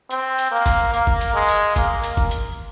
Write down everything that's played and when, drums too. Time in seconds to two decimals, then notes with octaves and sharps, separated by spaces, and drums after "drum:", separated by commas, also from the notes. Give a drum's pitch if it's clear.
0.11 C4, drum: hi-hat
0.38 drum: hi-hat
0.52 A#3
0.66 drum: kick, hi-hat
0.94 A#3, drum: hi-hat
1.07 drum: kick
1.21 drum: hi-hat
1.34 G#3
1.48 drum: hi-hat
1.76 A#3, drum: kick, hi-hat
2.04 drum: hi-hat
2.17 drum: kick
2.31 drum: hi-hat